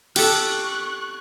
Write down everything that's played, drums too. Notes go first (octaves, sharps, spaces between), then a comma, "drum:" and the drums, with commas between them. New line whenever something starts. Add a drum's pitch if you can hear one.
G4 A4 C#6 F#6, drum: cymbal